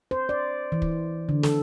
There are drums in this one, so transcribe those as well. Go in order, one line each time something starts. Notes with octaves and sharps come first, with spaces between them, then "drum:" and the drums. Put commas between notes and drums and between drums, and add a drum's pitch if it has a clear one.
C5
D5
E3
drum: kick
D3
A4, drum: snare